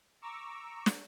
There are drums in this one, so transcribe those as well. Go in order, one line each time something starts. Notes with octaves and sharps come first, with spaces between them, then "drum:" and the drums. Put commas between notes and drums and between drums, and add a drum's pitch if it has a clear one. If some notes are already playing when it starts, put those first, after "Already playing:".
A#5 C#6 D6 E6
drum: snare